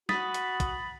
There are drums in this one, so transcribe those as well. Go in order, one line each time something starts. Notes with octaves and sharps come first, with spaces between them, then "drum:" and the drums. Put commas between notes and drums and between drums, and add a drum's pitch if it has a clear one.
F#4 B5 D#6 A6 B6, drum: snare
drum: hi-hat
drum: kick, hi-hat